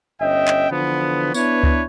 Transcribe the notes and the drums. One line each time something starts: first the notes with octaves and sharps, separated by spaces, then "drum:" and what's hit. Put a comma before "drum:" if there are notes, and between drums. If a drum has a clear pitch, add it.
G1 C#4 D#5 E5 G5
drum: clap
D3 E3 F3 B3
B3 D4 E4 B4 C#5, drum: tambourine
drum: kick C#2